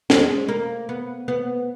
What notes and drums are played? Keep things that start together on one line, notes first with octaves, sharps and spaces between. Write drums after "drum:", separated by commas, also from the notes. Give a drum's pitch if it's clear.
G#3, drum: snare C#4
A#3
B3
B3